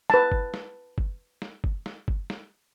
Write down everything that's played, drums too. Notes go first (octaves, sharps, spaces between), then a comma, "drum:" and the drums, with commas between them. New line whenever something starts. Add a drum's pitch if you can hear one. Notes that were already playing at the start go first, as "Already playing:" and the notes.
B4 A5, drum: snare
drum: kick
drum: snare
drum: kick
drum: snare
drum: kick
drum: snare
drum: kick
drum: snare